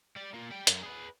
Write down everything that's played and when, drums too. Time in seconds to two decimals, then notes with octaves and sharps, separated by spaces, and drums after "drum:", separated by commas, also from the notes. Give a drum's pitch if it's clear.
0.16 G3 D5
0.34 A#3 F4
0.51 G3 G5
0.67 F#2, drum: hi-hat
0.83 G#4 B4